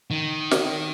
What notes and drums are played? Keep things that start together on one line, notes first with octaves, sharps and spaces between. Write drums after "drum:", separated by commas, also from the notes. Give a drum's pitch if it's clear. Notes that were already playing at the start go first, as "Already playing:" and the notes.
D#3
drum: snare